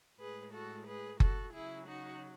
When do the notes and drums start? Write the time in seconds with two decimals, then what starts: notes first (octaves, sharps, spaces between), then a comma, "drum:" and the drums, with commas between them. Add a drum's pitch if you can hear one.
0.20 A2 G#3 G#4 B4
0.53 F#4 A4
0.87 G#4 B4
1.20 F#4 A4, drum: kick F#1
1.54 C#3 F#3 E4 G#4
1.87 D#4 F#4